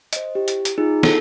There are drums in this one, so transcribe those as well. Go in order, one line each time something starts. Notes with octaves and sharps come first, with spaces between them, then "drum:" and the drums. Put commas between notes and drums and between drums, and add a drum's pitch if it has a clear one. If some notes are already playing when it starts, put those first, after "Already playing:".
C5 D#5, drum: hi-hat
E4 G4
drum: hi-hat
drum: hi-hat
D#4 F4 G#4
A4, drum: snare